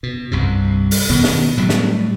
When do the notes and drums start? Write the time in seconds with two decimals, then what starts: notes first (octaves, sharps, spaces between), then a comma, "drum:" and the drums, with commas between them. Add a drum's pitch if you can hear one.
0.03 B2
0.31 C2 G2 C3
0.91 drum: open hi-hat
1.10 B2 D#3 B3
1.24 drum: snare
1.57 A2 F#3 G3 A3
1.69 drum: snare